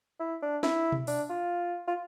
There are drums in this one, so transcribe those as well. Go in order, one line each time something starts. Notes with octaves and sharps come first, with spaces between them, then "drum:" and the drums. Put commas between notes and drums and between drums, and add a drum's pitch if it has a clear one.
E4
D4
E4, drum: snare
drum: tom B2
D4, drum: open hi-hat
F4
F4